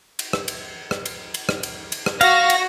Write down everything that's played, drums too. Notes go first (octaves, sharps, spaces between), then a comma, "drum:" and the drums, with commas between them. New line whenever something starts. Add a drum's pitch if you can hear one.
drum: cymbal
drum: rim click
drum: cymbal
drum: rim click
drum: cymbal
drum: cymbal
drum: rim click
drum: cymbal
drum: cymbal
drum: rim click
F#4 F5 A#6, drum: cymbal
drum: cymbal